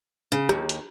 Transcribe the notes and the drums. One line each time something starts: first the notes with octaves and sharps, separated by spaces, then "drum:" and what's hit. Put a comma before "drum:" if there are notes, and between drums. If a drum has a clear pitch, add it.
C#3
D#2, drum: rim click
drum: hi-hat